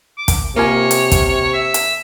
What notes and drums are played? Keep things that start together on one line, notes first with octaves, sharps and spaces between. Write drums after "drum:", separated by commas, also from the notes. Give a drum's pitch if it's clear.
D6
drum: kick, hi-hat
C3 A#3 F4 C#5 G#5
drum: hi-hat
drum: kick, hi-hat
E5
drum: hi-hat